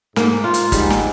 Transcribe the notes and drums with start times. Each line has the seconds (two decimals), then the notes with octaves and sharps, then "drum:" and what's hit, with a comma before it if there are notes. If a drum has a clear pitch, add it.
0.16 G#2 A#3, drum: snare
0.44 F4
0.54 drum: hi-hat
0.72 G#2 G3, drum: kick, hi-hat
0.90 drum: snare